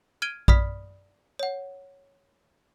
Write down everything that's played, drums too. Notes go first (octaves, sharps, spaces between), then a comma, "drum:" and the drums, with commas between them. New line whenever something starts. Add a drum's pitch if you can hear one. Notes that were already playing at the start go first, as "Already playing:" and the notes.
F6 G#6 D7 D#7 G7
D5 B5 D#6 F6 B6, drum: kick A#1
C#5 F#5